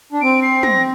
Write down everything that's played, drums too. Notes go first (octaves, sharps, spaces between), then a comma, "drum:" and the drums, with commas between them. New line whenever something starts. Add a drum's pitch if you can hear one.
D4
C4 D7
C7
A#6, drum: tom